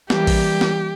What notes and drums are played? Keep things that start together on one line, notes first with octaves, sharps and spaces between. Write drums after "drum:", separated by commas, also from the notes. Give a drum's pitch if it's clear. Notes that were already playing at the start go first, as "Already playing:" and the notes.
E3 G3 A#3 G4, drum: snare
drum: kick, open hi-hat
drum: snare